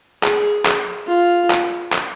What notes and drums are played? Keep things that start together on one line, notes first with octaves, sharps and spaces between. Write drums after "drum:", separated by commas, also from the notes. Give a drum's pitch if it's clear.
G#4, drum: clap
drum: clap
F4
drum: clap
drum: clap